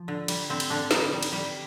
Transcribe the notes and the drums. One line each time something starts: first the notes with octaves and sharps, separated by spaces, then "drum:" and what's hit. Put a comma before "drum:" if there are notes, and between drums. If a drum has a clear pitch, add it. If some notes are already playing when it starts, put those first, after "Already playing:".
Already playing: F3
D3
G3, drum: cymbal
D3 C4
drum: cymbal
D3 D4
G3 D#4, drum: snare
G3
drum: cymbal
G3